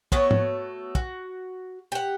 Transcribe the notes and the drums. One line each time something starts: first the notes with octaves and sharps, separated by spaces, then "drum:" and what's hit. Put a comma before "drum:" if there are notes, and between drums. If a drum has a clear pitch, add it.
A3 B3 F#4 C#5, drum: kick
drum: tom
F#4, drum: kick
G4 F#5